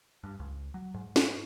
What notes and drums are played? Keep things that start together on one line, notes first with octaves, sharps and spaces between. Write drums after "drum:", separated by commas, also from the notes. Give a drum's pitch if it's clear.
G2
C#2
F#3
G#2
drum: snare